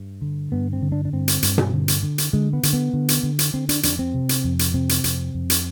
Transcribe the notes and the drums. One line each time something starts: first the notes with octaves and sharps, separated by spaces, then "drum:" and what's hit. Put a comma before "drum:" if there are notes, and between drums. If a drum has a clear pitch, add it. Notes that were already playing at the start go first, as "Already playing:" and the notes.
Already playing: G2
D3
G2 B3
C4
D3
D4
D4
G2 C4
drum: hi-hat
G2, drum: hi-hat
drum: tom B2
D3
drum: hi-hat
D3
drum: hi-hat
D3 G#3
B3
D3, drum: hi-hat
B3
D3
drum: hi-hat
D3
drum: hi-hat
D3 C4
D4, drum: hi-hat
F2 D4, drum: hi-hat
C4
C3
drum: hi-hat
F2
drum: hi-hat
C3 C4
drum: hi-hat
F2, drum: hi-hat
F2
drum: hi-hat